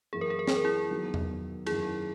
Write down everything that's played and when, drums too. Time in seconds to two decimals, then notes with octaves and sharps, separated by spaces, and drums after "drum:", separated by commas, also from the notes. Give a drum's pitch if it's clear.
0.13 F#2 E3 A#3 G#4
0.21 A#4
0.30 G#4
0.39 A#4
0.47 G#4, drum: snare
0.56 A#4
0.65 E4 G#4
0.90 D#3 F#3 B3 F#4
1.14 drum: tom E2
1.66 F#2 D#3 A#3 C#4 E4 G#4, drum: cymbal